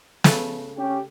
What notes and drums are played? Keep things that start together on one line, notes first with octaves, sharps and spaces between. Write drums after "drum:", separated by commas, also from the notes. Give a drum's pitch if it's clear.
C#3 A3 B4, drum: snare
C#4 G4